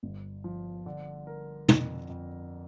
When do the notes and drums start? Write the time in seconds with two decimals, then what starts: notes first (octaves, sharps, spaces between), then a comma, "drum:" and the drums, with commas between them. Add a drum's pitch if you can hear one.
0.03 G1
0.44 F3
0.86 D3
1.27 A#4
1.68 F2, drum: tom
2.10 F2